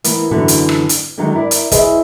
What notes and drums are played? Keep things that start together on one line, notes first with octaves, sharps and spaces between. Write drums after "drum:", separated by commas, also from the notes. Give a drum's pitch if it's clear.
E3 A#3 B3, drum: hi-hat
F#2 D3 E3 B3 F#4
drum: hi-hat
drum: rim click
drum: hi-hat
D3 D#3 F#3 G#3 D4 D#4
E4 A#4 D5
drum: hi-hat
E4 G#4 B4 C5 D#5 E5, drum: kick, hi-hat